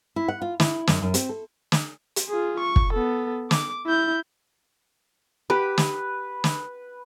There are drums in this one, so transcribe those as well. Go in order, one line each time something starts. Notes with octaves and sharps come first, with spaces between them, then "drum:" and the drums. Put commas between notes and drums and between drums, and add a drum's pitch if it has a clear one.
E4
F#5
F4
E4, drum: snare
F#2, drum: snare
F#2
C4, drum: hi-hat
A4
drum: snare
drum: hi-hat
F4 G#4
C#6
drum: kick
B3 A4
D6, drum: snare
E4 G6
G4 B4
drum: snare
drum: snare